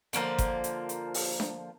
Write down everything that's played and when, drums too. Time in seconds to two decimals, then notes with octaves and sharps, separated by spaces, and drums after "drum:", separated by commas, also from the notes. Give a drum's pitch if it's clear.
0.13 D3 F3 A#3 A#4, drum: hi-hat
0.38 drum: kick G1, hi-hat
0.64 drum: hi-hat
0.89 drum: hi-hat
1.14 drum: open hi-hat
1.40 drum: snare D4